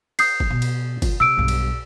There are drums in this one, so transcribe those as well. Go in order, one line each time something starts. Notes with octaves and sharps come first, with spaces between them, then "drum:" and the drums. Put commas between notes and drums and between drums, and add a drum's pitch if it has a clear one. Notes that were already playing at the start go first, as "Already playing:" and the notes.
D#6 G6 C7, drum: cymbal
drum: kick
B2
drum: cymbal
F4, drum: kick, cymbal
C3 E6 D7
B1 G2
drum: cymbal